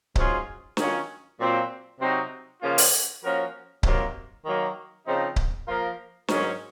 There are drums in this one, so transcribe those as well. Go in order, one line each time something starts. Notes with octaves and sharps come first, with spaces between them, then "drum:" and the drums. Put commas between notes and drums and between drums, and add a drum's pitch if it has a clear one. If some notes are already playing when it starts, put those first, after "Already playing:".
G#2 F#3 C#4 F4 G#4, drum: kick C#1
D#3 F#3 C#4 F4, drum: snare
A#2 F#3 C4 F4
C3 F#3 C4 D#4 F#4
C#3 F3 A#3 C#4 F4
drum: open hi-hat
F3 A#3 C#4 F#4 A#4
C3 D#3 F#3 A#3 F4, drum: kick C#1
D#3 F#3 A#3
C#3 F3 C4 D#4
drum: kick C#1
F3 A#3 F4 A#4
G#2 D#3 F#3 C#4, drum: snare